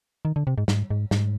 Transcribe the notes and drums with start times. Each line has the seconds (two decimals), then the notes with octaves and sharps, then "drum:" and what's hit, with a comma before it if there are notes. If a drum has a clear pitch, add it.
0.25 D#3
0.36 D3
0.47 C3
0.58 G#2
0.68 G#2, drum: snare
0.90 G#2
1.11 G#2, drum: snare